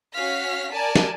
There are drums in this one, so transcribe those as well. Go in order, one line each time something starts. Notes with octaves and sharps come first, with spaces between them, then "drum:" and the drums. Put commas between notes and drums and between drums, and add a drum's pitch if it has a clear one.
C#4 F#4 F5 F6 B6
A#4 D5 G#5 A5
drum: snare